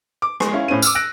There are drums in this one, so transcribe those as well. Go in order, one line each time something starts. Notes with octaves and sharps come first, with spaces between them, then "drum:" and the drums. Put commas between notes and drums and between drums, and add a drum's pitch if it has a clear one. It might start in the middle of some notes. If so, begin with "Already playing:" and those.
D6
G#3, drum: rim click
C#4 E4 F5
A2 C#4 C5 D#7
D6 E6 F6, drum: tambourine
E6 F#6 A#6 D7